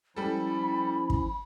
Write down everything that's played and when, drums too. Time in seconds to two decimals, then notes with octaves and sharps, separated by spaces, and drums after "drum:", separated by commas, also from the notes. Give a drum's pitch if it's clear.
0.16 F3 G3 C#4 E4 A4 B5
1.10 drum: kick